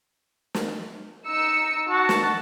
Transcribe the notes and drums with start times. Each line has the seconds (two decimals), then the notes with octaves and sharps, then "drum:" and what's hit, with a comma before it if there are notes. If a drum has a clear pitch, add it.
0.54 drum: snare
1.26 D#4 E6 C#7
1.90 F#4 A5
2.09 drum: snare